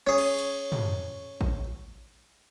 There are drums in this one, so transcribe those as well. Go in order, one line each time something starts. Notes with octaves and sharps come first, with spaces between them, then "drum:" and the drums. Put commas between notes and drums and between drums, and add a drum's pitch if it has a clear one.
C#4 G#4
drum: cymbal
drum: hi-hat
drum: tom
drum: kick A1